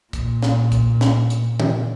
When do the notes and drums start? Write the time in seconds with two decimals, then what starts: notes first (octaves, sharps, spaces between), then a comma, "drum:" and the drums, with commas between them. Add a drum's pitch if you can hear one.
0.13 A#2, drum: kick, hi-hat
0.42 drum: snare
0.72 drum: kick, hi-hat
1.01 drum: snare
1.30 drum: hi-hat
1.60 drum: tom